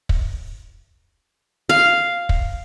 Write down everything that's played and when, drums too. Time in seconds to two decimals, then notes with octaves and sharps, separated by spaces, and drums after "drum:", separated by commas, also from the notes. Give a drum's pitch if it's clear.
0.09 drum: kick
1.69 F5
2.29 drum: kick